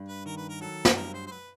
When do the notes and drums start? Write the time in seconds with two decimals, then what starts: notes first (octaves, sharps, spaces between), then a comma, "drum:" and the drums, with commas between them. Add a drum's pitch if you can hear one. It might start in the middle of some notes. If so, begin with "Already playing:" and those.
Already playing: G2
0.08 B4
0.25 D#3 A#4
0.37 B4
0.49 A#4
0.61 F#3 A4
0.85 drum: snare
0.96 G2 A#4
1.14 C5
1.27 C5
1.31 B4